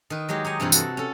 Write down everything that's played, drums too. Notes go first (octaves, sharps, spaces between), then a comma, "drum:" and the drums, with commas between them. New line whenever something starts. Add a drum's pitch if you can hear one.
D#3 B4
F#3 G#3 G4 G#4
D#4 C#5 G#5
G2 C3 E3 C4 F4
F#4 A4, drum: tambourine
C#4 A4